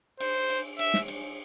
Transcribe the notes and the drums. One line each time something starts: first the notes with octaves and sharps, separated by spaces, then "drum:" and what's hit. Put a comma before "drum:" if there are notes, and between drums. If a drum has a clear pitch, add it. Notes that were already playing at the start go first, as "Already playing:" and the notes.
C5, drum: cymbal
drum: cymbal
E5, drum: cymbal
drum: snare
drum: cymbal